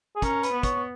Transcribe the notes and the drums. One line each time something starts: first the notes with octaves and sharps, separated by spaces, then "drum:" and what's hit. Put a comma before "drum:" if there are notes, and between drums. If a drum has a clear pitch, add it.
G#4
C#4 A#4, drum: kick, hi-hat
B4, drum: hi-hat
B3
C#5, drum: kick, hi-hat